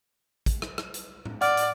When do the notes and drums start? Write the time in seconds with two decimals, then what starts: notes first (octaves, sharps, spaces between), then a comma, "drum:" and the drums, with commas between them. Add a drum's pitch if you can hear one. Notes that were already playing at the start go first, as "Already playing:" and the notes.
0.46 drum: kick A1, hi-hat
0.62 drum: rim click
0.78 drum: rim click
0.94 drum: hi-hat
1.25 drum: tom A2
1.41 D5 F#5 F6, drum: hi-hat
1.57 drum: hi-hat